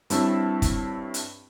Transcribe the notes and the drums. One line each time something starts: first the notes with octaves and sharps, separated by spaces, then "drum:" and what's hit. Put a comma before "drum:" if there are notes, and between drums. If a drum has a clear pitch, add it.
G2 C4 E4 C#5 A5 E6, drum: hi-hat
drum: kick, hi-hat
drum: hi-hat